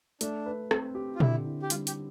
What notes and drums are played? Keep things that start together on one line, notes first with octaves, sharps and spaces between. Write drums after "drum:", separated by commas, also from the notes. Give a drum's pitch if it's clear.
A3 D4, drum: hi-hat
B4
C4, drum: rim click
G4
F4
D3 E4, drum: tom A#2
E4
G4
G3 F4, drum: hi-hat
G4, drum: hi-hat